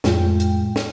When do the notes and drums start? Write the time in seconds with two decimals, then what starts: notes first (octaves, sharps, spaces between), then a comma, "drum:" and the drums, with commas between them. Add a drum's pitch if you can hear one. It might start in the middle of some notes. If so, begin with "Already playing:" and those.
0.04 F2 A2 G#3 F4 G5, drum: snare
0.40 drum: hi-hat
0.76 drum: snare